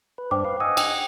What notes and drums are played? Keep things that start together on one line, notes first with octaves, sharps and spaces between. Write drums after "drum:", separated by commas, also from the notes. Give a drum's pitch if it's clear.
B4
G2 D4 C5 G5 D6
B4 F5
D#5 F#5 G#5 D#6 E6
G5, drum: cymbal